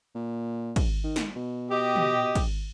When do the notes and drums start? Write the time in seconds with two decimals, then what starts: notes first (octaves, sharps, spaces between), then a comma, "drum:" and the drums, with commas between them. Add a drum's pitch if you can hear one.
0.15 A#2
0.76 drum: kick, cymbal
1.04 D#3
1.16 drum: snare
1.36 B2
1.71 G4 D#5
1.96 drum: tom
2.35 drum: kick, cymbal